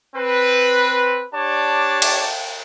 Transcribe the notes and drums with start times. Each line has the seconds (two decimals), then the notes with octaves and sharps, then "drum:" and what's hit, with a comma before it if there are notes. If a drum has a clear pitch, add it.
0.16 C4 B4
1.34 D4 G4 C#5 D5 A5
2.02 drum: cymbal